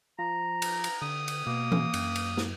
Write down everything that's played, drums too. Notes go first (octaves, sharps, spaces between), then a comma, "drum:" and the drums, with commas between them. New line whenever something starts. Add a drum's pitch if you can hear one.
F3 A#5
drum: cymbal
drum: cymbal
D3 D#6
drum: cymbal
B2 A#3
drum: tom E3
F#2, drum: cymbal
drum: cymbal
drum: snare